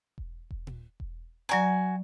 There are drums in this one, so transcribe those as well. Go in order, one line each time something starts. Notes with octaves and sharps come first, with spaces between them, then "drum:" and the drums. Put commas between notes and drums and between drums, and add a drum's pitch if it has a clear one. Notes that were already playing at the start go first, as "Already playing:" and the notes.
drum: kick E1
drum: kick E1
drum: tom A#2
drum: kick E1
F#3 F#4 D5 G#5 A#5